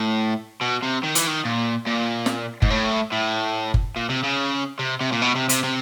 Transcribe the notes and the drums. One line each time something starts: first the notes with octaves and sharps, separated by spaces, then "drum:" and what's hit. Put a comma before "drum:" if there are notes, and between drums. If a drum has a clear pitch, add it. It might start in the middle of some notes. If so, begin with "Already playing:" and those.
Already playing: A2
B2
C3
D#3
E3, drum: hi-hat
D#3
A#2
A#2
drum: snare
G#2, drum: kick G1
A2
A2
drum: kick G1
A#2
C3
C#3
C3
C3
A#2
B2
C3
C3, drum: hi-hat
C3